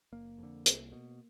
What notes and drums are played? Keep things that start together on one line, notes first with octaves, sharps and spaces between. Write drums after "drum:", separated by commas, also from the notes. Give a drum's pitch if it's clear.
F#1 A#3
F2 D3
C2, drum: hi-hat
B2